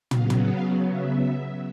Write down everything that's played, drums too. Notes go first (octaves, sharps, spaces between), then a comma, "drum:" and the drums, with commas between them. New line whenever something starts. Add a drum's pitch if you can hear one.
C#3 F#3 B3 F5, drum: tom
drum: tom
F5
E5